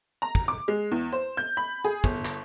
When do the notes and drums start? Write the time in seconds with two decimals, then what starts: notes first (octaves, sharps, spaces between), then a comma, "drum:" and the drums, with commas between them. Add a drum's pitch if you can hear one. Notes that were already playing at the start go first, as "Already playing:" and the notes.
0.22 A#5
0.35 drum: kick
0.48 D6
0.68 G#3
0.91 E2
1.13 C5
1.37 G6
1.57 B5
1.84 G#4
2.04 G1, drum: kick
2.25 drum: clap